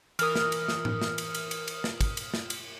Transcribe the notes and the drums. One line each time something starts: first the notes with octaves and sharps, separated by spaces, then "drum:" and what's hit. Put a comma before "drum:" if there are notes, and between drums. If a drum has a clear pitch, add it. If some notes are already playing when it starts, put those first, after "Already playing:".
E3 A#4 D#6 F6, drum: cymbal
drum: snare
drum: cymbal
drum: snare
drum: tom A2
drum: snare
drum: cymbal
drum: cymbal
drum: cymbal
drum: cymbal
drum: snare
drum: kick, cymbal
drum: cymbal
drum: snare
drum: cymbal